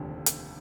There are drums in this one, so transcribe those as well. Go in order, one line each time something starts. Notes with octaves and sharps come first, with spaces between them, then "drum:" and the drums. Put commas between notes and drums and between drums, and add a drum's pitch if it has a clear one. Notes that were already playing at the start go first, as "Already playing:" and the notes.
Already playing: F1 D#2 D3 F3
drum: hi-hat